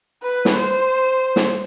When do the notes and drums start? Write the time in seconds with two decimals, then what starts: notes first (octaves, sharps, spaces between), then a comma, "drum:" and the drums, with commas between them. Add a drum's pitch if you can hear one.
0.23 B4
0.45 drum: snare
0.56 C5
1.36 drum: snare